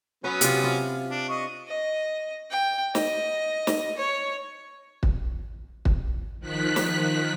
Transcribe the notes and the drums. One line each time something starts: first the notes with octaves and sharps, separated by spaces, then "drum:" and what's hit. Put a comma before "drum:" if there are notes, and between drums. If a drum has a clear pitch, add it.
F#3 B3 C#4 B4
C3 F4, drum: hi-hat
F4
D4
D#5 C#6
D#5
G5
D#5, drum: snare
drum: snare
C#5
drum: kick
drum: kick
D#3 F3 F#6 B6
drum: snare